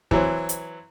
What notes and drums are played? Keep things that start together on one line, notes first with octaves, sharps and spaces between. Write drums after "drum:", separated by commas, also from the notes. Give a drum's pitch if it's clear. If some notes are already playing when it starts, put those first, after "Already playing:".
E3 F#3 C4, drum: kick
drum: hi-hat